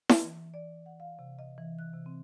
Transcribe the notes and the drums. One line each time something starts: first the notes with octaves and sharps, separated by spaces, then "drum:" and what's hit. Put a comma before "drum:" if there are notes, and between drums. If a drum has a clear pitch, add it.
drum: snare E4
E3
D5
F#5
F5
C3
D#5
E3
F#6
C3
C4